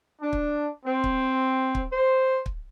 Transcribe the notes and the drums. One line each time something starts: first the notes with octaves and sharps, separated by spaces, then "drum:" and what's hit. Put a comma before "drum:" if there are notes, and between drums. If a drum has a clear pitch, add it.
D4
drum: kick
C4
drum: kick
drum: kick
C5
drum: kick